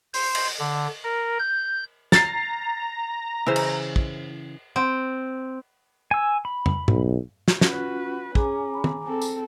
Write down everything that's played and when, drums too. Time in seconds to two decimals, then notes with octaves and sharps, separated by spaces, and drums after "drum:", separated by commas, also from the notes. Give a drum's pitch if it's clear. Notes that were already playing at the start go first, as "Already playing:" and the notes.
0.14 C5, drum: open hi-hat
0.35 drum: cymbal
0.59 D3
1.04 A#4
1.39 G6
2.12 A#5 A6 C7, drum: snare
3.46 C#3 E3 E4 C5
3.56 drum: cymbal
3.96 drum: kick
4.76 C4
6.11 G#5 E6
6.45 B5
6.66 drum: tom
6.88 B1, drum: tom
7.48 drum: snare
7.61 C#4 F4 F#4 B4, drum: snare
8.35 C#4 G#4 G#5 A#5 D6, drum: kick
8.74 B5
8.84 drum: tom
9.04 C4 A4
9.22 drum: tambourine